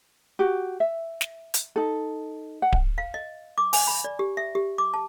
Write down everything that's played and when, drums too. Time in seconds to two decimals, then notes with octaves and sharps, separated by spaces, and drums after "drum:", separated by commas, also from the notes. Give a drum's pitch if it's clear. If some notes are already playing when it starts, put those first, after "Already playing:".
0.39 F#4 G4
0.80 E5
1.21 drum: snare
1.54 drum: hi-hat
1.76 D#4 A4
2.62 F#5
2.73 drum: kick D1
2.98 F5
3.14 D#5
3.58 D6
3.73 G#5, drum: open hi-hat
3.87 B5
4.04 D5
4.19 G4
4.37 E5
4.55 G4
4.78 D6
4.94 A5